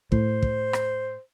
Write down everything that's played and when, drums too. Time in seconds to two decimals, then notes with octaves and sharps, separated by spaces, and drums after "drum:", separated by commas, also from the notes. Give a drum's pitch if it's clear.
0.12 A2 C5, drum: kick
0.42 drum: kick
0.73 drum: rim click